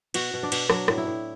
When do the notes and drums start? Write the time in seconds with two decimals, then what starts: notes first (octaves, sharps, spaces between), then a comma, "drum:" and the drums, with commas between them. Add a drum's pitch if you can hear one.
0.14 B2 F#4, drum: cymbal
0.34 B2
0.43 D4
0.52 B2, drum: cymbal
0.70 F#3 D4, drum: rim click
0.88 A2, drum: rim click
0.98 E4
1.07 A2